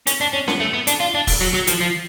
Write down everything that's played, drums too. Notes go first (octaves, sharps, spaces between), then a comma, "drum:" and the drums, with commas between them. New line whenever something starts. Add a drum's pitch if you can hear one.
C#4, drum: hi-hat
D4
C#4
B3, drum: snare C#4
A3
B3
D4, drum: hi-hat
F4
D4
drum: kick, open hi-hat
F#3
F#3
F3, drum: hi-hat
F3